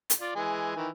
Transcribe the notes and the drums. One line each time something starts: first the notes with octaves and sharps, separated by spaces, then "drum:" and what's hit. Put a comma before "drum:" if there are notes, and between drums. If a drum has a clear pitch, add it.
drum: hi-hat
F4 D5
E3 G#3 G#5
D#3 E3